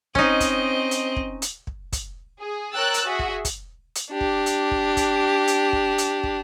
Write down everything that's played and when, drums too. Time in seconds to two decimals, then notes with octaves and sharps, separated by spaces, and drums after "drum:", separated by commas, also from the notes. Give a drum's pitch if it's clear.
0.15 C4 C#4 D#4 D#5, drum: kick
0.40 drum: kick, hi-hat
0.91 drum: hi-hat
1.16 drum: kick
1.42 drum: hi-hat
1.67 drum: kick
1.93 drum: kick, hi-hat
2.39 G#4
2.74 A#4 C#5 G5 E6 F#6 A6
2.94 drum: hi-hat
3.06 F#4 G#4 E5
3.19 drum: kick
3.45 drum: kick, hi-hat
3.95 drum: hi-hat
4.11 D4 G4
4.21 drum: kick
4.46 drum: hi-hat
4.71 drum: kick
4.97 drum: kick, hi-hat
5.47 drum: hi-hat
5.73 drum: kick
5.98 drum: hi-hat
6.24 drum: kick